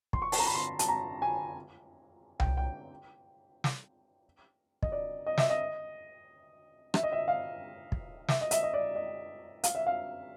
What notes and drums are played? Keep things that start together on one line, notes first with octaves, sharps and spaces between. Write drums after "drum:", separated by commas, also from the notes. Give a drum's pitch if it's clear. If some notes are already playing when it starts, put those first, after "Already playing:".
C6, drum: kick
C#6
A5, drum: open hi-hat
A#5
B5
C6
A5, drum: hi-hat
A#5
G#5
G5, drum: tom C2
G5
drum: snare
D#5, drum: kick
D5
D#5
E5, drum: snare
D#5
E5, drum: rim click
D#5
E5
F5
drum: kick
E5, drum: snare
D#5
E5, drum: hi-hat
D#5
D5
D#5
F5, drum: hi-hat
E5
F5